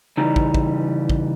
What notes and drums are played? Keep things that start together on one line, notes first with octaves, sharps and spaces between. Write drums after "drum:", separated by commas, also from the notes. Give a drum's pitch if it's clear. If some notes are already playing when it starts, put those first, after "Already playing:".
C#3 E3 G3 D#4
drum: kick
drum: kick
drum: kick